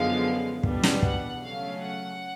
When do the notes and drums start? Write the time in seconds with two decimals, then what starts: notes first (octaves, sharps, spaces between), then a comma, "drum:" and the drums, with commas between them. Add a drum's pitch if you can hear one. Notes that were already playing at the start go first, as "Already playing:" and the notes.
Already playing: F#2 D3 F3 G#3 B3 F5
0.63 E2 B2 G3 B3 D4, drum: kick
0.83 drum: snare
1.02 F#5, drum: kick
1.42 C#3 F#3 A3 C#4 F5
1.81 F#5